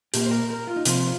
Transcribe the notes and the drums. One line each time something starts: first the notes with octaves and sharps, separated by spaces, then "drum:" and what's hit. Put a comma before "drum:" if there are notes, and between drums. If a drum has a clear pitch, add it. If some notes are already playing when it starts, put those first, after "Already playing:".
A#2 A#3 G4, drum: hi-hat
C5
A#4
A#4
F4
D#4
C3 F3 C4 F4, drum: hi-hat